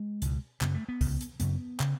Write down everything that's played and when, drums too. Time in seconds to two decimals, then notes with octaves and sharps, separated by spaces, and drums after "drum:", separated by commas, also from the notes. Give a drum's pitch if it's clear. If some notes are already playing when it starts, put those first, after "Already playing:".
Already playing: G#3
0.22 C#2 B2, drum: hi-hat
0.61 F#2 C#3 B3, drum: clap
0.74 A3
0.89 B3
1.01 C#3, drum: kick C2, open hi-hat
1.06 C#2
1.21 drum: hi-hat
1.40 F#2 C#3 B3, drum: hi-hat
1.80 C#3, drum: clap